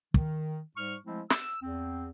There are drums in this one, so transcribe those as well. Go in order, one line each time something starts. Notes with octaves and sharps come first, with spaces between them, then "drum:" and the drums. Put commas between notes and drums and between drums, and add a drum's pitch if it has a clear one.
D#3, drum: kick
G#2 G3 C#6 F6
F3 G#3 A3 C4 E4
E6, drum: snare
E2 C4